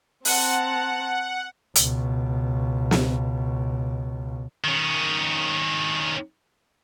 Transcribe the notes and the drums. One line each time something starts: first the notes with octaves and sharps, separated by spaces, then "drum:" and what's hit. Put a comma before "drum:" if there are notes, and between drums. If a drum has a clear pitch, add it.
C4 F#5 A5 A#5, drum: open hi-hat
C#2 B2, drum: hi-hat
drum: snare
D#3 C#4